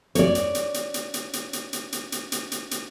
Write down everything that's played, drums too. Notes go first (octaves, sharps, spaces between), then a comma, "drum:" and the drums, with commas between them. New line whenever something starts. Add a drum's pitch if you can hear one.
C#5 D5, drum: hi-hat
drum: hi-hat
drum: hi-hat
drum: hi-hat
drum: hi-hat
drum: hi-hat
drum: hi-hat
drum: hi-hat
drum: hi-hat
drum: hi-hat
drum: hi-hat
drum: hi-hat
drum: hi-hat
drum: hi-hat